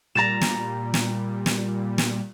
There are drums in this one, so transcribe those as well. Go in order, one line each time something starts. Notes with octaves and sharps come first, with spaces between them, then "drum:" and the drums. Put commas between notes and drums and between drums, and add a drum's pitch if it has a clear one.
A#2 G3 A#5 A6 E7
drum: snare
drum: snare
drum: snare
drum: snare